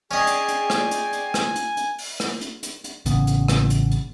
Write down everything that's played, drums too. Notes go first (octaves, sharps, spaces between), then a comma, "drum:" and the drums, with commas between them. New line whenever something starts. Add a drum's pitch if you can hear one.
C#4 G#4 D5 D#5 G5 G#5 C7
drum: hi-hat
drum: hi-hat
drum: rim click
drum: hi-hat
drum: hi-hat
drum: rim click
drum: hi-hat
drum: hi-hat
drum: open hi-hat
drum: rim click
drum: hi-hat
drum: hi-hat
drum: hi-hat
A1 C#3 B3 C#4, drum: hi-hat
drum: hi-hat
drum: rim click
drum: hi-hat
drum: hi-hat